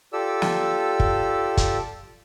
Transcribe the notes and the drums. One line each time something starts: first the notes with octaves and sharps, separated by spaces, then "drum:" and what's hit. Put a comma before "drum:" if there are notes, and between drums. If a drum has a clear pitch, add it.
F4 G4 A4 D5 E6
drum: snare
drum: kick
drum: kick, hi-hat